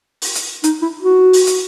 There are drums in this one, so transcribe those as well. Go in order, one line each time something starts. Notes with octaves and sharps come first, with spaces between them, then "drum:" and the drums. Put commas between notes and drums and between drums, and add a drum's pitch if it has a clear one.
drum: open hi-hat
drum: hi-hat
D#4, drum: hi-hat
E4
F#4
drum: open hi-hat
drum: hi-hat